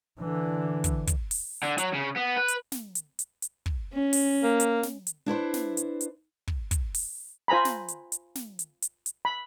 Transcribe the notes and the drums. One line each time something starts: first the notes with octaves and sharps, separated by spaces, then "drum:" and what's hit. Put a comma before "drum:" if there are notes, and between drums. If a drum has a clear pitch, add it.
D3 E3
drum: kick, hi-hat
drum: kick, hi-hat
drum: open hi-hat
D3
F#3, drum: hi-hat
C#3
B3
B4
drum: hi-hat
drum: snare
drum: hi-hat
drum: hi-hat
drum: hi-hat
drum: kick
C#4
drum: open hi-hat
A#3
drum: hi-hat
drum: snare
drum: hi-hat
D4 E4 B4 C5
drum: snare
drum: hi-hat
drum: hi-hat
drum: kick
drum: kick, hi-hat
drum: open hi-hat
F4 C5 G#5 A#5 B5
drum: snare
drum: hi-hat
drum: hi-hat
drum: snare
drum: hi-hat
drum: hi-hat
drum: hi-hat
B5